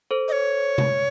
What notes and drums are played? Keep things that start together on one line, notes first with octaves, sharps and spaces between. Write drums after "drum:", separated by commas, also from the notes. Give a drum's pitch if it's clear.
A4 C5
D#5
C#5
drum: tom C3